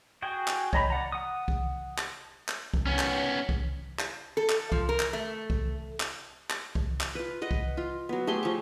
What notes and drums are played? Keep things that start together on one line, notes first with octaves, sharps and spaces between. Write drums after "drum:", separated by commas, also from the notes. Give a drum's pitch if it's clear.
F#4 G#4 G5
drum: clap
C#5 D#5 A#5 B5, drum: kick C2
D5 F#5 A#5
F#5 D#6
drum: kick C2
drum: clap
drum: clap
drum: kick C2
B3 C#4
drum: clap
drum: kick C2
drum: clap
A4
drum: clap
F3, drum: kick C2
A#4
drum: clap
A3
drum: kick C2
drum: clap
drum: clap
drum: kick C2
drum: clap
F4 B4
B4 D#5 F#5
drum: kick C2
F4
F#3 B3
A3 G4 G#4 C6
F3 C#6